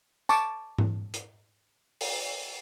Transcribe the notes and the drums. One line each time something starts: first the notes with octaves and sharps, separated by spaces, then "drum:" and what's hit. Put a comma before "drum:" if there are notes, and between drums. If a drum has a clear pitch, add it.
A5 C#6 D6, drum: tambourine
drum: tom G#2
drum: hi-hat
drum: open hi-hat